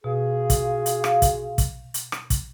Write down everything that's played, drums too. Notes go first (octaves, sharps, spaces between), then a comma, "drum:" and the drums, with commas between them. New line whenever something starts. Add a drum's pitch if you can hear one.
B2 F4 F#4 G#4
drum: kick, hi-hat
drum: hi-hat
F5, drum: rim click
drum: kick, hi-hat
drum: kick, hi-hat
drum: hi-hat
drum: rim click
drum: kick, hi-hat